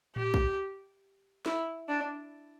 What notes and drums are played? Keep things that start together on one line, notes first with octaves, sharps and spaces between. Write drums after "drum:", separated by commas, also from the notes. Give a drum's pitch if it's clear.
G4, drum: tom A2
drum: kick
E4, drum: snare
D4